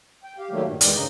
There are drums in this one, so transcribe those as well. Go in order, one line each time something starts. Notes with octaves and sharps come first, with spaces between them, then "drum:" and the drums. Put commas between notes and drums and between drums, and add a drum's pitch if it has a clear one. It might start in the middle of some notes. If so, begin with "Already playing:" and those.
G5
G4 F5
D#3 F#3 G3 A3 A#3
G2 A#2 D#3
E2 D#3 E3 G#3 D5 G5, drum: hi-hat
G2 C#3 D#4 D#5